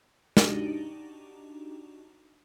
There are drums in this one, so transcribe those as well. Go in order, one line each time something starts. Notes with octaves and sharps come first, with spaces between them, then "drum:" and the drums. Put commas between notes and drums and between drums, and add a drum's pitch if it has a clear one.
D4 D#4 F#4 G4, drum: snare